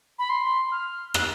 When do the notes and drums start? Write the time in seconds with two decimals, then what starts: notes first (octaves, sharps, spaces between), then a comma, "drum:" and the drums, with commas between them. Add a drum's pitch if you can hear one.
0.19 B5
0.30 C6
0.72 F6
1.14 F#6, drum: rim click